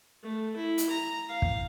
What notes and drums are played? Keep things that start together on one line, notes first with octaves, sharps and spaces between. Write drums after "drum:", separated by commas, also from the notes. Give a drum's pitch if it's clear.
A3
E4
drum: hi-hat
A#5
F5
drum: kick